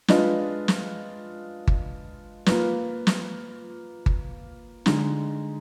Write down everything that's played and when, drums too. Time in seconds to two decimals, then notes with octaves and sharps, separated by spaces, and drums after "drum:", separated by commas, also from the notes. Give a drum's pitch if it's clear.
0.08 G#3 D4 F4 B4 D#5, drum: snare
0.68 drum: snare
1.67 drum: kick G1
2.46 A#3 F4 B4, drum: snare
3.07 drum: snare
4.06 drum: kick G1
4.86 D3 G#3 D#4, drum: snare